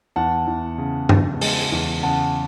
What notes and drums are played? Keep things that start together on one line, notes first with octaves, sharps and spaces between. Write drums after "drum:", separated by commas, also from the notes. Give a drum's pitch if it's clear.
E2 F#5 A5
E2
C#3
C#3, drum: tom G2
G#3, drum: open hi-hat
E2
C#3 F#5 A5